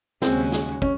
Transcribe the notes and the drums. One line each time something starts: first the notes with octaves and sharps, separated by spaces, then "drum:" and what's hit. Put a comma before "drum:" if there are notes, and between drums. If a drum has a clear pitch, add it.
D#2 C#3 G#3 C4 C#4 F#4, drum: snare
drum: snare
C#4, drum: kick